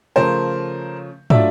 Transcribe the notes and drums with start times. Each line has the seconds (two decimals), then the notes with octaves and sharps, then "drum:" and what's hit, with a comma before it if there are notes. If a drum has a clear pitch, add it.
0.16 C#3 F3 A3 A#4 C5
1.30 F#3 A3 D4 F4 D5 E5, drum: tom